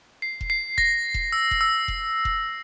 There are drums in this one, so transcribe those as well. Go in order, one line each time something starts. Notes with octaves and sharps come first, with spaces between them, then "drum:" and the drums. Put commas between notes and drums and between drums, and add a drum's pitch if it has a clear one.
C7
drum: kick F1
C7
A#6, drum: kick F1
drum: kick F1
E6
drum: kick F1
E6
drum: kick F1
drum: kick F1